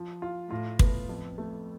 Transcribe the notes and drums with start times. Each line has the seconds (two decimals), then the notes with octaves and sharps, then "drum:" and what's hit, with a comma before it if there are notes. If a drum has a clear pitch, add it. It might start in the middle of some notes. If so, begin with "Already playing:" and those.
Already playing: F3
0.22 F4
0.51 A2 F4
0.79 B3, drum: kick
1.09 F2
1.38 A3